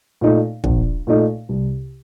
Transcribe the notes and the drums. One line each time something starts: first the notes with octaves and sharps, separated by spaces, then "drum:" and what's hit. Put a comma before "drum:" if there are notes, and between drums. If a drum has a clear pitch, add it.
A#2 A3 D#4
A#1, drum: kick
A#2 A3 D#4
C2